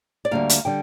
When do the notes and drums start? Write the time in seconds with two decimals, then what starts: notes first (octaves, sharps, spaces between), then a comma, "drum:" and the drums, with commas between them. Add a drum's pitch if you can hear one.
0.25 D5
0.31 D2 D3 G3 A#3 F5
0.49 drum: hi-hat
0.65 D3 G3 G5